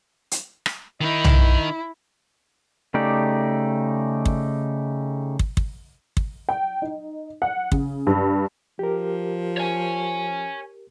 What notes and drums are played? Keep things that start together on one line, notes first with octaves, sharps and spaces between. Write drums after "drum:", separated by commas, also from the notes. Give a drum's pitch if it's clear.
drum: hi-hat
drum: rim click
D#3 D#4 E4
drum: tom B1
C#3 A3 D#4 G4 D5
drum: kick
drum: kick
drum: kick
drum: kick
G5
D#4
F#5
C#3, drum: kick
G2
F3 G4 A#4
C#5 G#5